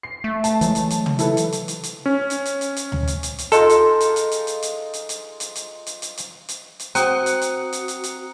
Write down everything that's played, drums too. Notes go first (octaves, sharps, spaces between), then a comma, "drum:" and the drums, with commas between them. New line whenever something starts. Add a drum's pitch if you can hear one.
C7
A3
A5, drum: hi-hat
E3 F#3 G#3, drum: hi-hat
drum: hi-hat
drum: hi-hat
drum: tom
E4 A4 B4, drum: hi-hat
drum: hi-hat
drum: hi-hat
drum: hi-hat
drum: hi-hat
C#4
drum: hi-hat
drum: hi-hat
drum: hi-hat
drum: hi-hat
drum: tom D2
drum: hi-hat
drum: hi-hat
drum: hi-hat
G#3 D#4 F4 A4, drum: hi-hat
drum: hi-hat
drum: hi-hat
drum: hi-hat
drum: hi-hat
drum: hi-hat
drum: hi-hat
drum: hi-hat
drum: hi-hat
drum: hi-hat
drum: hi-hat
drum: hi-hat
drum: hi-hat
drum: hi-hat
drum: hi-hat
drum: hi-hat
C4 F#4 F#5 A#5 D#6, drum: hi-hat
drum: hi-hat
drum: hi-hat
drum: hi-hat
drum: hi-hat
drum: hi-hat